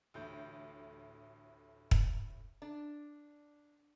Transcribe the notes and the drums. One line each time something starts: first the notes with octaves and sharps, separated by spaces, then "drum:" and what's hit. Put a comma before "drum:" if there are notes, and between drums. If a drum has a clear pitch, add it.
A1 D2 A2 G6
drum: kick
D4